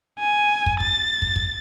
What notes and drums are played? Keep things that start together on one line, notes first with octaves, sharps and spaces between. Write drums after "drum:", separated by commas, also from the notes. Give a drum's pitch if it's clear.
G#5
drum: kick
A6, drum: kick
drum: kick
drum: kick